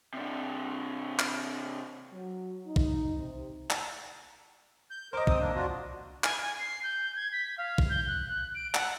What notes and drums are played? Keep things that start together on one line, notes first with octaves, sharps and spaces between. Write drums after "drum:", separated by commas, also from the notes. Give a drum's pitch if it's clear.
C3 D4
drum: clap
F#3
D#4
drum: kick
C3
drum: clap
G6
A#4 C5 D#5 D6
C4 D#6, drum: kick
A#3 D4
D4 F4 F#4
G#5, drum: clap
G#5
C7
G6
G#6
B6
F5
drum: kick
G6
F#6
F#6
D7
F#5, drum: clap